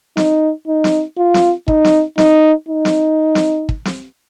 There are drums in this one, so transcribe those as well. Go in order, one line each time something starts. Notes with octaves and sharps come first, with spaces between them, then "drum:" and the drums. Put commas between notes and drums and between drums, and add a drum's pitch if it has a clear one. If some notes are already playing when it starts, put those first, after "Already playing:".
D#4, drum: snare
D#4
drum: snare
F4
drum: snare
D#4, drum: kick
drum: snare
D#4, drum: snare
D#4
drum: snare
drum: snare
drum: kick
drum: snare